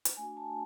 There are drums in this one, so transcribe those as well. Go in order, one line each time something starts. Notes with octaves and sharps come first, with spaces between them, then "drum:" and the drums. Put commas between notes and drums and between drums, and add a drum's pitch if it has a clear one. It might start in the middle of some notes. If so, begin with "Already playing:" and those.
drum: hi-hat
A3 D4 F#4 G#5
A5